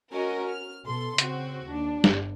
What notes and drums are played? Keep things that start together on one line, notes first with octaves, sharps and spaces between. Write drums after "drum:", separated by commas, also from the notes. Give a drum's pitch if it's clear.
C#4 F#4 A#4 D#5
F6
B2 A4 C6
C#3 C4 F#4, drum: hi-hat
D#2 D4
G1, drum: snare